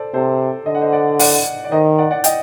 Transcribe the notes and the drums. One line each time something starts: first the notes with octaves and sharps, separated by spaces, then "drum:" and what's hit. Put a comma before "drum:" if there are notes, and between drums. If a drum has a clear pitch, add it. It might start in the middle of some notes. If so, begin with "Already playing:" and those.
Already playing: A4 C5 D5
C3 A4 C5
D3 D#5
F#5
C5 D#5
D5 F#5
D5 F#5, drum: open hi-hat
D5
D#3 C5 D#5
D5 F#5
D5 F#5
D#5 G5, drum: hi-hat